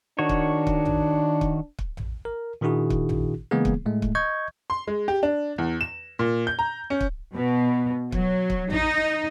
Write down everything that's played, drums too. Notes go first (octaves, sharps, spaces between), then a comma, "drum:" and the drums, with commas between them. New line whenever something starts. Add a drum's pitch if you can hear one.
D#3 D4 F#4 C#5
drum: kick
drum: kick
drum: tom A1
drum: kick
drum: kick
drum: tom A1
A#4
A#2 D#3 D4 E4 F#4 G#4
drum: kick
drum: tom A1
C#3 E3 G#3 A#3 B3 G#4
drum: kick
A2 G#3 A3
drum: kick
D#5 C#6 G6 G#6
C6
G#3
G4
D4
E2
E7
A#2
G6
A#5
C#4
drum: kick
B2
F#3, drum: kick
drum: kick
D#4, drum: tom A1